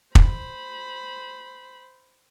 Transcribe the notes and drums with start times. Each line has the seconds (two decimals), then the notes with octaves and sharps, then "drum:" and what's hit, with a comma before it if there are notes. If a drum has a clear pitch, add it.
0.15 C5 B5, drum: kick